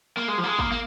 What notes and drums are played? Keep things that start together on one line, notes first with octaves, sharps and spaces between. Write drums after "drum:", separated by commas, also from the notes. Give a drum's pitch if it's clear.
A#3
G#3
F3
A#3
G#3
A#3, drum: kick
A#3